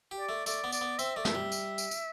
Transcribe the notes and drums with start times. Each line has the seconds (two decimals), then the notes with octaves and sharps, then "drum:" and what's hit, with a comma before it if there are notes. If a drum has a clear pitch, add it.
0.11 G4
0.19 D5
0.29 A3
0.46 A3 D5, drum: tambourine
0.64 B3
0.72 D5, drum: tambourine
0.81 B3
0.99 C4 E5, drum: tambourine
1.16 A3 D5
1.25 E5, drum: snare
1.34 G3
1.52 drum: tambourine
1.78 drum: tambourine
1.91 drum: tambourine